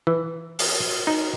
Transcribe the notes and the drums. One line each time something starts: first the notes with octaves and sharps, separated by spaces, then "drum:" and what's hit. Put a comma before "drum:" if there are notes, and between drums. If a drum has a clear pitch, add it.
E3
drum: open hi-hat
D#4